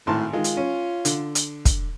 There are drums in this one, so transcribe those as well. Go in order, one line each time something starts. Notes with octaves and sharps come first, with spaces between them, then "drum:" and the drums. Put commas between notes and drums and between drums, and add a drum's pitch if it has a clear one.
G#1 A2 A5 C6
D#3 G#3 F4
drum: hi-hat
C#4
D3, drum: hi-hat
drum: hi-hat
drum: kick, hi-hat